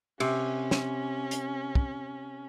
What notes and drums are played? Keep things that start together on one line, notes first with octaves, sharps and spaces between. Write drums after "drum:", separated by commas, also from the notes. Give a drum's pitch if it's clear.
C3 C#4, drum: cymbal
drum: snare
drum: hi-hat
drum: kick